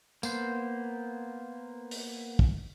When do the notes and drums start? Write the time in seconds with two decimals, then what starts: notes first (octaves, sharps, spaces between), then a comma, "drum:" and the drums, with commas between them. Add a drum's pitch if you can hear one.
0.23 A#3 B3 C5, drum: tambourine
1.91 drum: open hi-hat
2.39 drum: kick